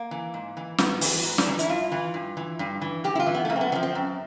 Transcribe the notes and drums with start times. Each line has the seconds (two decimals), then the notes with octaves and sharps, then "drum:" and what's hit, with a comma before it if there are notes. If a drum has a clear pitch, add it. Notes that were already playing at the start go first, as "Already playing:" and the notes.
Already playing: A#3
0.11 E3
0.34 G#2
0.57 E3
0.78 G#2 B3, drum: snare
1.01 E3, drum: open hi-hat
1.24 G#2
1.38 D4, drum: snare
1.47 E3 D#4
1.59 E4, drum: hi-hat
1.69 G2 F4
1.92 E3
2.14 G2
2.37 E3
2.59 G2
2.81 E3
3.04 G2 G4
3.15 E4
3.20 F4
3.26 E3
3.34 B3
3.45 A3
3.50 F#2 A#3
3.56 C4
3.61 B3
3.72 D3 C4
3.75 F3
3.83 C4
3.95 F#2